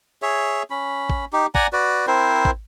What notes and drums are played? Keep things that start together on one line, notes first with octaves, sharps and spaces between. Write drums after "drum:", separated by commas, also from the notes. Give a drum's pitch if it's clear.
G#4 C#5 E5
C#4 B5
drum: kick
D#4 G4
D5 F#5 G#5 A#5, drum: kick
F#4 B4 D5
C4 E4 A#4 C5
drum: kick